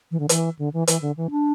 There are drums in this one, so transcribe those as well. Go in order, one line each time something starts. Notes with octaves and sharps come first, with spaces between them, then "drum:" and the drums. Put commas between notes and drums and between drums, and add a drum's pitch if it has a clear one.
E3
D3
E3, drum: hi-hat
D3
E3
E3, drum: hi-hat
D3
E3
D4